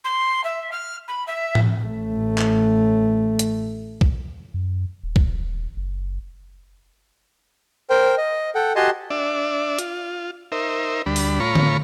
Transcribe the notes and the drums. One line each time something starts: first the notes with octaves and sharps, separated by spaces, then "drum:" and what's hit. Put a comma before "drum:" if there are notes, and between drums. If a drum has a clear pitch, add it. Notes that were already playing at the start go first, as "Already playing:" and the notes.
C6
E5
F6
B5
E5
drum: tom A2
A1 A3
drum: clap
drum: hi-hat
drum: kick
F#2
D#1
drum: kick
F#1
A#4 C5 G5
D#5
A4 F#5 G5
F#4 G4 D#5 G#5 A5 C6
D4 D5 E5
F4, drum: hi-hat
D#4 A#4 C5 E5
D2 G3 D4 B5
drum: open hi-hat
A2 F4 C#5 A#5 B5 C#6
drum: tom D3